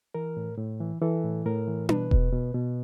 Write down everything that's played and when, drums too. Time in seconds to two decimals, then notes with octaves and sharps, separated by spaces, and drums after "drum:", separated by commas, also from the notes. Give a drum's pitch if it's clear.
0.14 E3 A#4
0.37 A2
0.58 A2
0.80 E3
1.01 E3 A4
1.24 A2
1.46 A2 A#4
1.68 E3
1.89 B2 B4, drum: tom D4
2.11 B2, drum: kick E1
2.32 B2
2.54 B2